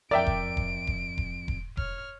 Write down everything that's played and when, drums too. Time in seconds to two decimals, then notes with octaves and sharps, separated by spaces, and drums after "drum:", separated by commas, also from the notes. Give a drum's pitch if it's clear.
0.11 F2 A#4 D5 E5 G5 D7
0.26 drum: kick E1
0.57 drum: kick E1
0.87 drum: kick E1
1.18 drum: kick E1
1.48 drum: kick E1
1.77 C#5 F6, drum: kick E1